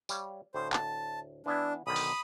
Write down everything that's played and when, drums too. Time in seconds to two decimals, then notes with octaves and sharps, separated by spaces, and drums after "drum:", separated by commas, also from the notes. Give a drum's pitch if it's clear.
0.09 G3 C#5 F5, drum: tambourine
0.54 D2 A2 C5
0.73 A5, drum: clap
1.46 E3 B3 D4 E4
1.87 B1 D3 D#3 B5 D#6
1.96 drum: open hi-hat